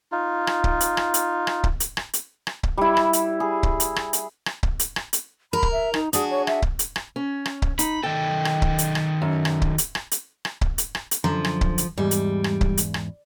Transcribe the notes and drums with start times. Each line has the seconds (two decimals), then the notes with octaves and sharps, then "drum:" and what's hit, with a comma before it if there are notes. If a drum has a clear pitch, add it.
0.12 D#4 F4
0.47 drum: rim click
0.64 drum: kick C#1
0.80 drum: hi-hat
0.97 drum: rim click
1.14 drum: hi-hat
1.47 drum: rim click
1.64 drum: kick C#1
1.80 drum: hi-hat
1.97 drum: rim click
2.13 drum: hi-hat
2.47 drum: rim click
2.63 drum: kick C#1
2.78 G3 E4
2.97 drum: rim click
3.13 drum: hi-hat
3.40 G#4
3.63 drum: kick C#1
3.80 drum: hi-hat
3.96 drum: rim click
4.13 drum: hi-hat
4.46 drum: rim click
4.63 drum: kick C#1
4.79 drum: hi-hat
4.96 drum: rim click
5.13 drum: hi-hat
5.53 A#4 B5
5.63 drum: kick C#1
5.72 E5
5.94 D#4, drum: rim click
6.13 D4 F#4 G#4 D#6, drum: hi-hat
6.30 C#5
6.47 E5, drum: rim click
6.62 drum: kick C#1
6.79 drum: hi-hat
6.96 drum: rim click
7.16 C#4
7.45 drum: rim click
7.62 drum: kick C#1
7.79 D#4 B5, drum: hi-hat
8.03 D#3 A4 G5
8.45 drum: rim click
8.62 drum: kick C#1
8.78 drum: hi-hat
8.95 drum: rim click
9.22 F#2
9.45 drum: rim click
9.62 drum: kick C#1
9.78 drum: hi-hat
9.95 drum: rim click
10.11 drum: hi-hat
10.45 drum: rim click
10.61 drum: kick C#1
10.78 drum: hi-hat
10.95 drum: rim click
11.11 drum: hi-hat
11.24 F#2 D3 F3 A#5
11.44 drum: rim click
11.61 drum: kick C#1
11.78 drum: hi-hat
11.98 E2 G#2 G3
12.11 drum: hi-hat
12.44 drum: rim click
12.61 drum: kick C#1
12.77 drum: hi-hat
12.94 drum: rim click